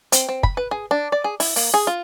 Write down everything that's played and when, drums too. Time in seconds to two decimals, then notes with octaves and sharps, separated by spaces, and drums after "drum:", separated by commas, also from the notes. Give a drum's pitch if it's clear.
0.12 C4, drum: hi-hat
0.29 C4
0.43 B5, drum: kick
0.57 B4
0.71 G#4
0.91 D4
1.12 D5
1.24 G#4
1.40 E4, drum: open hi-hat
1.56 A#3, drum: open hi-hat
1.74 G#4
1.87 F4